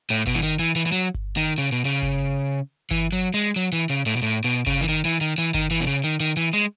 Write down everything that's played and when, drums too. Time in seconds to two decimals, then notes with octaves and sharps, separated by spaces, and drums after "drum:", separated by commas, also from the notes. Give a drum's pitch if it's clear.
0.10 A2
0.27 B2, drum: kick G1, hi-hat
0.35 E3
0.43 D#3
0.59 E3
0.76 E3
0.86 E3
0.92 F#3
1.14 drum: kick G1, hi-hat
1.37 D#3
1.58 C#3, drum: hi-hat
1.72 B2
1.85 C#3
2.02 drum: kick G1, hi-hat
2.46 drum: hi-hat
2.91 E3, drum: kick G1, hi-hat
3.12 F#3
3.34 G#3, drum: hi-hat
3.56 F#3
3.72 E3
3.90 C#3
4.06 A2
4.17 B2
4.22 A2, drum: hi-hat
4.44 B2
4.66 C#3, drum: kick G1, hi-hat
4.81 E3
4.89 D#3
5.05 E3
5.21 D#3
5.38 E3
5.54 D#3, drum: kick G1, hi-hat
5.71 E3
5.80 B2
5.87 C#3
6.04 D#3
6.20 D#3
6.37 E3
6.53 G#3